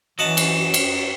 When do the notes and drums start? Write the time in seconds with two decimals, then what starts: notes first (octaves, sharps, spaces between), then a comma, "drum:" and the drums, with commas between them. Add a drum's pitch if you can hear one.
0.19 F#2 E3 F#3 D#5 F#5 A5 E7
0.37 drum: cymbal
0.74 drum: cymbal